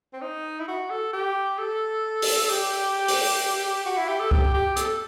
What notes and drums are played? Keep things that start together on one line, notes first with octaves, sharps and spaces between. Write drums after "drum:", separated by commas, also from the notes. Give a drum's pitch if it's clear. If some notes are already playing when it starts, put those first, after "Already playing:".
C4
D#4
E4
F#4
A4
G4
A4
drum: open hi-hat
G4
drum: open hi-hat
F#4
E4
G4
A4
G4, drum: kick C2
G4
A4, drum: hi-hat